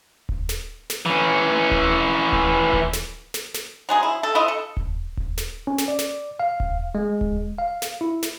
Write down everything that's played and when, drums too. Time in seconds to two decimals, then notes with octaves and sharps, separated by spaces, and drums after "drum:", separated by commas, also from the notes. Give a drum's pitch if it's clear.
0.29 drum: kick D#1
0.49 drum: snare
0.90 drum: snare
1.06 E3 C#4
1.71 drum: kick D#1
2.32 drum: kick D#1
2.73 drum: kick D#1
2.93 drum: snare
3.34 drum: snare
3.55 drum: snare
3.89 F#3 G#3 G#4
4.03 E4
4.23 A4
4.35 E4 F4 D#5 E5
4.48 A4
4.77 drum: kick D#1
5.17 drum: kick D#1
5.38 drum: snare
5.67 C#4
5.78 drum: snare
5.88 D5
5.99 drum: snare
6.40 F5
6.60 drum: kick D#1
6.95 G#3
7.21 drum: kick D#1
7.58 F5
7.82 drum: snare
8.01 E4
8.23 drum: snare